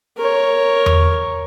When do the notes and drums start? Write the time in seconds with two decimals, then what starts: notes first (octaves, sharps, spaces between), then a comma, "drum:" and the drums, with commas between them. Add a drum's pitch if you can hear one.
0.18 A#4 C#5
0.86 drum: tom E2